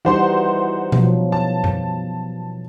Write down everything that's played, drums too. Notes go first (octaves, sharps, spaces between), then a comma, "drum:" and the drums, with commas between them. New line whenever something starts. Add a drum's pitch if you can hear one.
E3 G3 D#4 F#4 C5 C6
B2 F3 F#3, drum: tom B2
A5
drum: tom F#2